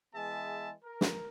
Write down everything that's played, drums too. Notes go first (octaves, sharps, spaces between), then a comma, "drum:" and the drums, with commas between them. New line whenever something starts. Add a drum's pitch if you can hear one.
E3 G#3 B3 G#4 E5 A5
A#4
drum: snare